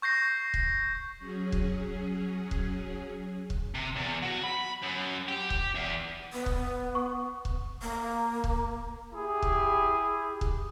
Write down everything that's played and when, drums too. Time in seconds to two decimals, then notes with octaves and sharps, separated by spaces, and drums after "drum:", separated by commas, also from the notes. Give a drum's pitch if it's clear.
0.02 C#6 G6 A#6 C7
0.54 drum: kick C#1
1.19 F#3 C#4 G#4
1.52 drum: kick C#1
2.51 drum: kick C#1
3.50 drum: kick C#1
3.75 C3
3.96 E2
4.22 F#3
4.44 B5
4.83 F#2
5.29 G4
5.50 G4, drum: kick C#1
5.75 E2
6.33 B3
6.46 drum: kick C#1
6.95 C#6
7.45 drum: kick C#1
7.82 A#3
8.44 drum: kick C#1
9.14 E4 G4 G#4
9.42 drum: kick C#1
10.41 drum: kick C#1